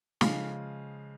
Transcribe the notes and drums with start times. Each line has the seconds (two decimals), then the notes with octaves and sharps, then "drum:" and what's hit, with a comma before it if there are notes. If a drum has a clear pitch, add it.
0.21 C#3 F3 G#3 F5, drum: snare